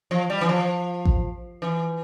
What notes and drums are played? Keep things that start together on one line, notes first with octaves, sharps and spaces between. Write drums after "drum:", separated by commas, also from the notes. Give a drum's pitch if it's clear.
F3
G3
E3
F3
drum: kick A1
E3